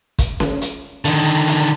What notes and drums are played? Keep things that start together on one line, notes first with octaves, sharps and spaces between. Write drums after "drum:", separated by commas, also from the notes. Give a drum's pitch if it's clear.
drum: kick, hi-hat
drum: snare C#4
drum: hi-hat
D3 D#3, drum: hi-hat
drum: hi-hat